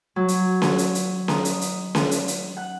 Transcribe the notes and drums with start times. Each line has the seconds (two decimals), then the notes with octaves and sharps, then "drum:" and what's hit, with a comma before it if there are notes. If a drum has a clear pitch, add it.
0.16 F#3
0.28 drum: hi-hat
0.62 drum: snare C#4
0.78 drum: hi-hat
0.95 drum: hi-hat
1.28 D#4, drum: snare C#4
1.45 drum: hi-hat
1.61 drum: hi-hat
1.95 drum: snare C#4
2.11 drum: hi-hat
2.28 drum: hi-hat
2.57 F#5